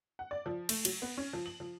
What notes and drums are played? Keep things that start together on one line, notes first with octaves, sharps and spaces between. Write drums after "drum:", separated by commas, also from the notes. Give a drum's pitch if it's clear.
F#5
D5
F3
A3, drum: cymbal
F#3, drum: cymbal
B3
C#4
F3
F#7
F3